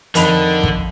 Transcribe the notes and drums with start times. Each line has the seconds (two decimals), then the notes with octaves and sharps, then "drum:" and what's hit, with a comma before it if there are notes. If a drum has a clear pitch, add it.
0.15 F2 D3 D#3 B5 F7, drum: hi-hat
0.63 drum: kick